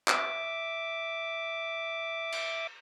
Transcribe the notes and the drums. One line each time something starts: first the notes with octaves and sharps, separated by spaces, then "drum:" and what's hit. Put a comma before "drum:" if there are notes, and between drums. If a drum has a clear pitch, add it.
E5 D6, drum: clap
drum: cymbal